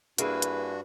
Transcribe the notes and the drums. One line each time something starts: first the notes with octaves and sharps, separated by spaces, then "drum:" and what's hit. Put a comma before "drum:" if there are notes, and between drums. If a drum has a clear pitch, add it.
G2 A#3 D4 E4 F#4 G#4 B4, drum: hi-hat
drum: hi-hat